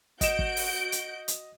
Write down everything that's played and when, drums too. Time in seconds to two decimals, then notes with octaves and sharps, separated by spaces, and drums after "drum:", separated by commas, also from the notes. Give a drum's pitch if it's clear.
0.21 F#4 D#5 G6 D7 E7, drum: kick, hi-hat
0.39 drum: kick
0.57 drum: open hi-hat
0.92 drum: hi-hat
1.28 drum: hi-hat